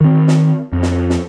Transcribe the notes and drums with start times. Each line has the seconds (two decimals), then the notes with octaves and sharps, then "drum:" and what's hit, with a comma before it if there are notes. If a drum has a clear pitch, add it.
0.01 D#3 C4
0.28 drum: snare
0.72 F2
0.83 drum: snare
1.10 drum: snare